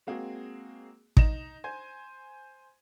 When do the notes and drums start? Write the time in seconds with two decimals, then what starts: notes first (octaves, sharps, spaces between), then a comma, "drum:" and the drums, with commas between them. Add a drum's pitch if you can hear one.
0.07 G#3 A#3 C4 F#4 G#4
1.17 D#4 A#6 E7, drum: kick
1.64 C5 G#5 G#6